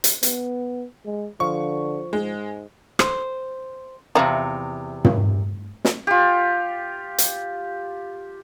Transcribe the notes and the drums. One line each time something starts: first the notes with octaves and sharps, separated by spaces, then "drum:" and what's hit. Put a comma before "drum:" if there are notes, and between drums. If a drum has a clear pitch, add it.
drum: hi-hat
B3, drum: hi-hat
G#3
D3 F3 C#6
G#2 G#3
C5, drum: rim click
E2 C3 F3 C4 A#5
drum: tom
drum: snare
F4 G4
drum: hi-hat